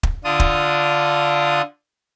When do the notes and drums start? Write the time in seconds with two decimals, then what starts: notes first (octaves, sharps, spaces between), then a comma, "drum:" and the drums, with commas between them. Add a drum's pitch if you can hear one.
0.03 drum: kick
0.24 D3 D4 F4 D#6
0.40 drum: kick